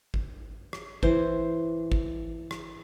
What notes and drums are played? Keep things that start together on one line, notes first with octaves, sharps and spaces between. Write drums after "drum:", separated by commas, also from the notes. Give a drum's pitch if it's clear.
drum: kick G#1
drum: rim click
E3 C5, drum: kick G#1
drum: kick G#1
drum: rim click